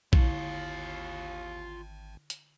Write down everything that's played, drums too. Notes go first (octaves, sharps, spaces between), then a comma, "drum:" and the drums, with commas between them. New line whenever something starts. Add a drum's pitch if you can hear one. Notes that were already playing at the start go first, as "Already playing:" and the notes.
G#1 D#2 D3 E4 F4 C#5, drum: kick A#1
drum: hi-hat